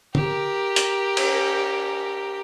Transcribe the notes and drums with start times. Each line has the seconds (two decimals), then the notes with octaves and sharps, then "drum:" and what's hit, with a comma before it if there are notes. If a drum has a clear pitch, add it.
0.15 G4 A#4, drum: tom
0.76 drum: hi-hat
1.17 drum: cymbal